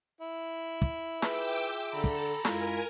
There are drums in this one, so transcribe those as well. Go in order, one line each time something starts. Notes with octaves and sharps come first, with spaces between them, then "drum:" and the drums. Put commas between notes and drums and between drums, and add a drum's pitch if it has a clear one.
E4
drum: kick
F4 G#4 B4 E5 G5 D6 E6, drum: snare
D3 A4 A#5 B5
drum: kick
F#2 G#3 E4 F4 A#4 G#5, drum: snare